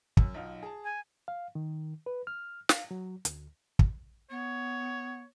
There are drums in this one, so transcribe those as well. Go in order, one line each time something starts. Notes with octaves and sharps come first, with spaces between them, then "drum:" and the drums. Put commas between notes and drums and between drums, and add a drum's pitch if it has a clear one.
F#2, drum: kick
B1 D#4 F4
G#4 A5
G#5
F5
D#3
B4
F6
F5, drum: snare
F#3
D2, drum: hi-hat
drum: kick
B3 C#5